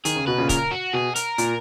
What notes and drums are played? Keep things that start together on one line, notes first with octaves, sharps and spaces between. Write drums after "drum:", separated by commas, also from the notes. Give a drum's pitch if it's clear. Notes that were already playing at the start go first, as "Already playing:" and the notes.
D#3 G#4, drum: hi-hat
C#3
B2 B4
A#2 C#3
A#4, drum: kick, hi-hat
F#4
B2 G#4
A#4, drum: hi-hat
A#2, drum: hi-hat